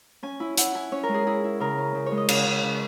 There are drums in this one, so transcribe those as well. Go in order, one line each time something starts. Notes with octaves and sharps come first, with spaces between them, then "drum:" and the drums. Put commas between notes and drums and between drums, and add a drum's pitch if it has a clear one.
C#4 G#5
E4
E4 F#5, drum: hi-hat
E4 G#5
C#4 C#5
A#4
G#3
G#4
E4 G#4
E4
C#3 A#4
C#4
C#3
G#3 C#5
D#5
C#3, drum: cymbal
C#3
C#3